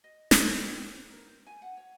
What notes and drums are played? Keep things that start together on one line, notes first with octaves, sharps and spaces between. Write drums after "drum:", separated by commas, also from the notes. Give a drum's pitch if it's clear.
D#5
B4, drum: snare
G5
G5
C5
A#4
C5
G#5
F#5
C#5